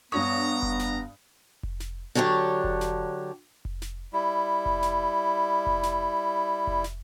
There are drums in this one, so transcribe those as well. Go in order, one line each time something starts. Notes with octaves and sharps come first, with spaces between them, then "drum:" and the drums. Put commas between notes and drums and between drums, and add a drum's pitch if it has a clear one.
G2 B3 D4 C#5 A#5 D#6
drum: kick F1
drum: snare
drum: kick F1
drum: snare
D3 F#3 D4 G4 C#5
drum: kick F1
drum: snare
drum: kick F1
drum: snare
G3 E4
drum: kick F1
drum: snare
drum: kick F1
drum: snare
drum: kick F1
drum: snare